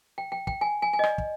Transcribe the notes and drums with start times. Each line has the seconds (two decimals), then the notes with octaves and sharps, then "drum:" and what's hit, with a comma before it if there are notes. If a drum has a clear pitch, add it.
0.18 G5
0.32 G5
0.47 G5, drum: kick
0.61 G#5
0.82 G#5
0.93 G#5
0.99 D#5
1.03 D5, drum: rim click
1.18 drum: kick